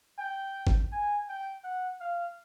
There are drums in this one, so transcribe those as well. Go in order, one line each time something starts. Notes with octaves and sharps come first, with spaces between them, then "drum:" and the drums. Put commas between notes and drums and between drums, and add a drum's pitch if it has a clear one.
G5
drum: kick G#1
G#5
G5
F#5
F5